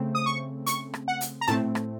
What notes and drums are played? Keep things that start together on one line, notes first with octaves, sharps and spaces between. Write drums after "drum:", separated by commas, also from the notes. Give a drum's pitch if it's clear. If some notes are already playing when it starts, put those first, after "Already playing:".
Already playing: C#3 A3 C4
D#6
C#6
C#6, drum: hi-hat
drum: rim click
F#5
drum: hi-hat
A#5
A2 A3 C4 A5, drum: tom A#2
drum: rim click